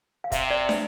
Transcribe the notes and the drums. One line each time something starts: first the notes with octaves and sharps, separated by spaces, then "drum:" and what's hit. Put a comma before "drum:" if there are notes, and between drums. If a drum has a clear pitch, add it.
F5
C3 E5, drum: kick, hi-hat
D5
drum: snare